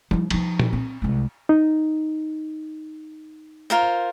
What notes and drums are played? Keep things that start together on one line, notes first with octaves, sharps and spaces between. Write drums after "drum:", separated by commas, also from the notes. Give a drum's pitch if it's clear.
F3 E4, drum: tom G3
F3 D#4, drum: cymbal
drum: tom A#2
C4
C2 G#3
D#4
F4 A#4 C5